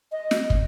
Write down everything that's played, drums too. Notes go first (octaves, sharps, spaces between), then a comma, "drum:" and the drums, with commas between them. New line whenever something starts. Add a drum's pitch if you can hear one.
D#5
drum: snare
drum: kick